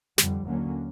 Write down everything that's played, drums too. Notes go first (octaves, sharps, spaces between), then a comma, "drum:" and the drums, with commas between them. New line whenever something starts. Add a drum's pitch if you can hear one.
F2 D3 G3, drum: snare
D#2 D3 F#3 A#3 C#4